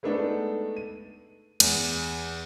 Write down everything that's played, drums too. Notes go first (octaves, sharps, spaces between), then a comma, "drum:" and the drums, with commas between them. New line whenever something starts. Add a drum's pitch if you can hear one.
G#3 A3 B3 D4 D#4 A4
D#7
E2, drum: cymbal